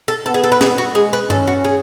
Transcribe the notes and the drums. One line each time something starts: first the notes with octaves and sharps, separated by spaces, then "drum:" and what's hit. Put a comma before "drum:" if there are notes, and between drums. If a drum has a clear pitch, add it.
A4
B3 A4
G#4
A4
B4
G#4, drum: snare
F#4
G#3 G#4
B4
C#4 A4, drum: tom G2
F#4
G#4